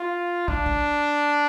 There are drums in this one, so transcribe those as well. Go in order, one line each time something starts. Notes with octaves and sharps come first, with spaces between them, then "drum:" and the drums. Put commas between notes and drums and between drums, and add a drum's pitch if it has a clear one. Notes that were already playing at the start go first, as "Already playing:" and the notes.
Already playing: F4
D4, drum: kick
drum: kick